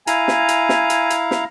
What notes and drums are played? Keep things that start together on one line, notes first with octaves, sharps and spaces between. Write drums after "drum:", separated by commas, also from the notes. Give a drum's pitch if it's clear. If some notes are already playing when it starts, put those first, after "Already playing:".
E4 F5 G#5 A#5, drum: hi-hat
drum: snare
drum: hi-hat
drum: snare
drum: hi-hat
drum: hi-hat
drum: snare